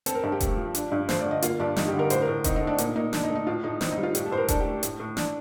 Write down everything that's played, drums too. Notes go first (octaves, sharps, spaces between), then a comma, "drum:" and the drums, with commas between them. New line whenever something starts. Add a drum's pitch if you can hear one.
C4 A4, drum: hi-hat
A#4
G2 A4
G4
A3, drum: kick E1, hi-hat
F3
D4, drum: hi-hat
G2
A3 C5, drum: snare
D5
D3
D#5
A#3 F4, drum: hi-hat
G2 D4
G3 D#4, drum: snare
G4
D3
A#4
A2 C5, drum: hi-hat
A#4
A2
C4 D#4, drum: kick E1, hi-hat
D#4
A3
D4
A#2 D#4, drum: hi-hat
A#2 D#4
D4, drum: snare
D#4
A3
D#4
A2 F4
A2 D#4
C4 D#4, drum: snare
D#4
G3
F4
A2 G4, drum: hi-hat
A4
A2 C5
A#4
D4 A4, drum: kick E1, hi-hat
G4
A3
A2, drum: hi-hat
A2
D4, drum: snare